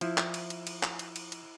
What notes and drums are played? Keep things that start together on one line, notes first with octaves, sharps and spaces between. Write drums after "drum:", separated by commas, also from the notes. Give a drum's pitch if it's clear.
F3 E4, drum: cymbal
drum: clap
drum: cymbal
drum: cymbal
drum: cymbal
drum: clap
drum: cymbal
drum: cymbal
drum: cymbal